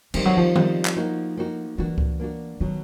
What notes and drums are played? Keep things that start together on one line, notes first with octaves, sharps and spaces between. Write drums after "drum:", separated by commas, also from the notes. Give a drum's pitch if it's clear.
D#3 F3 G3 C4, drum: cymbal
F#3
F3
D#3 G3 C4, drum: tom D#3
drum: clap
A#3 D#4 F#4
A#3 D#4 F#4
E3 A#3 D4 F#4
drum: kick C#2
A#3 D4 F#4
B2 D#3 F#3 B3